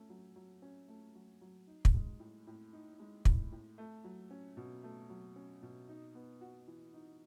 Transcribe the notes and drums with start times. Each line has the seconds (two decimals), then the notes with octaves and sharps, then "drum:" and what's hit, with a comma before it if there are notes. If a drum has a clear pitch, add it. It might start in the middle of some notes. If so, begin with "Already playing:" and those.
Already playing: A3 C#4
0.10 F#3
0.36 F#3
0.62 C#4
0.88 A3
1.15 F#3
1.41 F#3
1.67 D#4
1.85 drum: kick
1.94 G#3
2.19 A2
2.47 A2
2.73 D#4
3.00 G#3
3.25 A2, drum: kick
3.52 A2
3.78 A3
4.04 F#3
4.31 C#4
4.57 B2
4.83 A3
5.10 F#3
5.36 C#4
5.62 B2
5.89 D#4
6.15 B3
6.41 F#4
6.67 E3
6.94 D#4